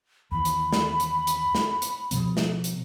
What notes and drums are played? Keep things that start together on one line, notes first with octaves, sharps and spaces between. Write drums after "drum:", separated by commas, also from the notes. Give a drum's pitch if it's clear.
D#2 E3 B5
drum: hi-hat
drum: snare
drum: hi-hat
drum: hi-hat
drum: snare
drum: hi-hat
B2 F3 B3, drum: hi-hat
drum: snare
drum: hi-hat